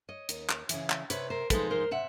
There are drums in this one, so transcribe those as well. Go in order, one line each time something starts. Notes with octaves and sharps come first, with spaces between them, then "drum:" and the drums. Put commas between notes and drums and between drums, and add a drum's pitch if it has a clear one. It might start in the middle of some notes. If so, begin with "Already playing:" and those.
C#5 D#5
D#2, drum: hi-hat
drum: clap
C#3 E3, drum: hi-hat
drum: clap
C3 B4 C#5, drum: hi-hat
A#4 C5
F3 G#3 B3 D#4 A4 B4, drum: kick, hi-hat
A#4 C5
C3 E5 F#5